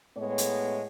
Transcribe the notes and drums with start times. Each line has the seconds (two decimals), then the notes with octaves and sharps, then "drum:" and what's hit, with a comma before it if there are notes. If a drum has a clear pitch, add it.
0.16 A2 G#3 B3 C#5
0.38 drum: hi-hat